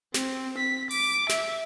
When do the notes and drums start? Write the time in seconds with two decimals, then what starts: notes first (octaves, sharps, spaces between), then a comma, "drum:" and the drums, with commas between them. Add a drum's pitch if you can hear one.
0.14 C4, drum: snare
0.58 B6
0.91 D6, drum: open hi-hat
1.29 E5, drum: snare